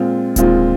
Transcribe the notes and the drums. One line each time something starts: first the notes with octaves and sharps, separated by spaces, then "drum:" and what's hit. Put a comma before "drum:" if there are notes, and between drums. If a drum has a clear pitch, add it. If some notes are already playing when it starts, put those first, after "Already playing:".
Already playing: A#2 G#3 C4 F4
A#2 G#3 C4 F4, drum: kick D1, hi-hat